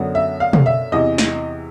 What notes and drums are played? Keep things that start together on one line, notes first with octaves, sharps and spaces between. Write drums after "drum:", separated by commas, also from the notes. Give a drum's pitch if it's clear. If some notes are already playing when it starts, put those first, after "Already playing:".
Already playing: F#2 D3 F#3 B3
E5
F5
drum: tom
E5
E2 C3 E3 D#5
drum: snare